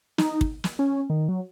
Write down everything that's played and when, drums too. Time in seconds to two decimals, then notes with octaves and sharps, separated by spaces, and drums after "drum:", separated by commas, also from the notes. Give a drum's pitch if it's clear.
0.18 D#4, drum: snare
0.41 drum: kick
0.64 drum: snare
0.79 C#4
1.10 D#3
1.29 F#3